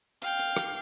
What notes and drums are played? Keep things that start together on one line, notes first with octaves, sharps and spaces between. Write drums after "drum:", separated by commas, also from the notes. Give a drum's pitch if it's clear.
F5 G5, drum: hi-hat
drum: hi-hat
drum: rim click